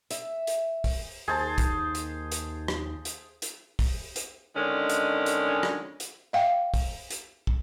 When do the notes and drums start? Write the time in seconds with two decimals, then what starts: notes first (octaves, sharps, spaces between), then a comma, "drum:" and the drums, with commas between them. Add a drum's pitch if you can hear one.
0.11 E5, drum: hi-hat
0.47 drum: hi-hat
0.84 drum: kick, open hi-hat
1.28 D#2 G#4 C5 A5
1.58 drum: kick, hi-hat
1.95 drum: hi-hat
2.32 drum: hi-hat
2.68 drum: rim click
3.05 drum: hi-hat
3.42 drum: hi-hat
3.79 drum: kick, open hi-hat
4.16 drum: hi-hat
4.56 D3 D#3 G#3 C#4 D4
4.89 drum: hi-hat
5.26 drum: hi-hat
5.63 drum: rim click
6.00 drum: hi-hat
6.33 E5 F5 G5
6.74 drum: kick, open hi-hat
7.10 drum: hi-hat
7.47 drum: kick